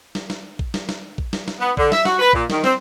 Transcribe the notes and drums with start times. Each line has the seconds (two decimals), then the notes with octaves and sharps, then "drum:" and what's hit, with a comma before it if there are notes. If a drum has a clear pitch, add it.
0.15 drum: snare
0.30 drum: snare
0.59 drum: kick A#1
0.74 drum: snare
0.89 drum: snare
1.18 drum: kick A#1
1.33 drum: snare
1.48 drum: snare
1.60 B3
1.77 D3, drum: kick A#1
1.92 E5, drum: snare
2.05 F#4, drum: snare
2.19 B4
2.33 A#2, drum: kick A#1
2.50 D#3, drum: snare
2.64 C4, drum: snare